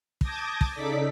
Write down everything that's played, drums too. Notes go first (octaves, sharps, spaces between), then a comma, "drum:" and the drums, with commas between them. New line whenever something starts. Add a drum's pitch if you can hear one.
A5 D6 D#6 G6 G#6 A#6, drum: kick
drum: kick
C#3 D#4 A4 D5 D6 B6